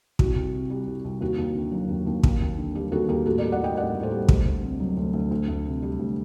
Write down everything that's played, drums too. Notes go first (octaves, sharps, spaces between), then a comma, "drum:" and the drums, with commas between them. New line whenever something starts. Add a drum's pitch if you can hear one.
C2 F#4, drum: kick
C2
C3
G3
C2
C2
D#2 F#4
D#2
D3
F#3
D#2
D#2
D#2, drum: kick
D#2
D3
G3 G4
D#2 F#4 A4
D#2 G4 A#4
A2 F#4 A4
A#4 D5
G3
D5 F#5
G3 D#5 G5
A2 D5 F#5
A2
A4 C5
G3
D2, drum: kick
D2
C3
F#3
D2
D2
D2
D2
C3
G3
D2